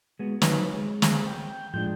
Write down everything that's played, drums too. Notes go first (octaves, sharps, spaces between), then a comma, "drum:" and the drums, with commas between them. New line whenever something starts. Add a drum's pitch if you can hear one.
G#3 B3 F#4
F#3 D#4 B4 C#5, drum: snare
G#3
drum: snare
G5
A2 F3 G#3 D4 G6